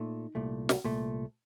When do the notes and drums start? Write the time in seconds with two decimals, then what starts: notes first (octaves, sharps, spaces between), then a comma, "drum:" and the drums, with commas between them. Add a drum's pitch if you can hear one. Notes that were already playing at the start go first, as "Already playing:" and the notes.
Already playing: A#2 A3 D#4
0.35 C2 A#2 A3
0.69 drum: snare
0.85 C2 A#2 A3